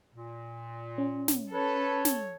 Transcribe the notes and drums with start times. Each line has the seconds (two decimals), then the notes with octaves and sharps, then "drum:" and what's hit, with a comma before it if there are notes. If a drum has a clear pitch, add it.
0.14 A#2
0.98 C#4
1.28 drum: snare
1.54 A4 B4 C#5
2.05 drum: snare